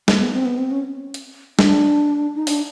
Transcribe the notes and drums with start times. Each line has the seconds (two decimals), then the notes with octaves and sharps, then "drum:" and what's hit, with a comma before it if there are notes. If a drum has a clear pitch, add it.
0.08 A#3, drum: snare
0.20 B3
0.33 C4
0.45 B3
0.58 C4
0.71 C#4
1.14 drum: hi-hat
1.59 D4, drum: snare
2.35 D#4
2.47 D4, drum: open hi-hat